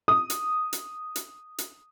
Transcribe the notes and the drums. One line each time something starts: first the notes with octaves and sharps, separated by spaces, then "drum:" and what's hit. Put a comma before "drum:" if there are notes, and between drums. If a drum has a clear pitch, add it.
D#6
drum: hi-hat
drum: hi-hat
drum: hi-hat
drum: hi-hat